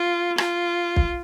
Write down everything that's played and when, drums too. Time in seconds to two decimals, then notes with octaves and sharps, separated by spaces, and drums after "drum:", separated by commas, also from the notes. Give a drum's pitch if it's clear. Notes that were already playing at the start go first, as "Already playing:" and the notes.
Already playing: F4
0.38 F4, drum: rim click
0.96 drum: kick B1